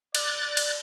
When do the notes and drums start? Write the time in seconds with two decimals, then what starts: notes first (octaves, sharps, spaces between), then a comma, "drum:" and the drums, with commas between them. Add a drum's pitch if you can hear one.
0.15 D5 F#6 A6, drum: cymbal
0.57 drum: cymbal